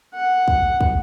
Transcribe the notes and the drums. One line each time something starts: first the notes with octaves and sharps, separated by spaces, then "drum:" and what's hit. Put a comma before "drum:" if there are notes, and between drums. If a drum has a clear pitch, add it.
F#5
drum: kick
drum: kick